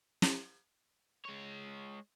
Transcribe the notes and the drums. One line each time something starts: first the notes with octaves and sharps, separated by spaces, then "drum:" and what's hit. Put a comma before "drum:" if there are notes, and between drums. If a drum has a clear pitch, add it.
drum: snare
G#3 C#5